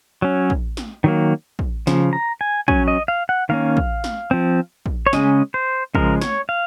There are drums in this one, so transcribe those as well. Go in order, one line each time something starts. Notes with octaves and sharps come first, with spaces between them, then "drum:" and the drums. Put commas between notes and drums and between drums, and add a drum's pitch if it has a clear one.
F#3 C#4
drum: kick
drum: snare
D#3 F#3 A#3
drum: kick
C#3 F3, drum: snare
A#5
G#5
F#3 C#4 G#5, drum: kick
D#5
F5
F#5
D#3 A#3 C#4 F5
drum: kick
drum: snare
F3 C4
drum: kick
C#5
C#3 G#3 C#4 D#5, drum: snare
C5
C#3 F3 G#3 A#4, drum: kick
C#5, drum: snare
F5